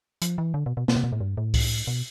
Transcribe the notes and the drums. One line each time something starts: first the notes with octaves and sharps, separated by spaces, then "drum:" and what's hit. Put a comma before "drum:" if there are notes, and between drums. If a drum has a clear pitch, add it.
F3, drum: hi-hat
E3
D3
B2
B2
B2, drum: snare A#3
C3
B2
A2
G2
A2
drum: kick C2, open hi-hat
B2